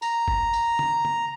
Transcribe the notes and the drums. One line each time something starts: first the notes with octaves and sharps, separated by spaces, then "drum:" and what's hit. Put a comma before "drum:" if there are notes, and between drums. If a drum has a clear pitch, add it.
A#5, drum: tambourine
drum: kick
drum: tambourine
drum: tom C#3
drum: tom C#3